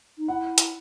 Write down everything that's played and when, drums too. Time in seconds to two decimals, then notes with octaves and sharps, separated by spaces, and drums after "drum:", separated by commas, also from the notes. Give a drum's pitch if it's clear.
0.18 D#4
0.28 E4 F#5
0.58 drum: hi-hat